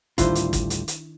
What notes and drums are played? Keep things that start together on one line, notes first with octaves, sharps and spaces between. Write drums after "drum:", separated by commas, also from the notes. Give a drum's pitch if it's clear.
D2 A2 D#3 G3 D4 E4 F4 C5, drum: kick, hi-hat
drum: hi-hat
drum: kick, hi-hat
drum: hi-hat
drum: hi-hat